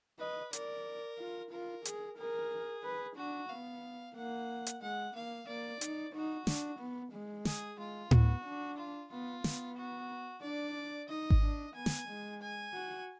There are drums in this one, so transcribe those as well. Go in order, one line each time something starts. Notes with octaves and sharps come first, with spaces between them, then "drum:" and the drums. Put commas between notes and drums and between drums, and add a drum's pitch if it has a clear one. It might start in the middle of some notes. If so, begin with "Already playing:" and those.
B4 D#5
A#4 D5, drum: hi-hat
F4
F4 A#4
G#4, drum: hi-hat
G#4 A#4
B4
D4 F#4
B3 F5
A#3 F#5
drum: hi-hat
G#3 F#5
A#3 F5
A#3 D5
D#4, drum: hi-hat
D#4 F#4
D4, drum: snare
B3
G#3
G#4, drum: snare
G#3 F4
B3 F#4, drum: tom A2
D4
F4
B3 F4
B3, drum: snare
F#4
D4 D5
D#4 D#5
drum: kick G#1
D4
B3 G#5
drum: snare
G#3
G#5
F#4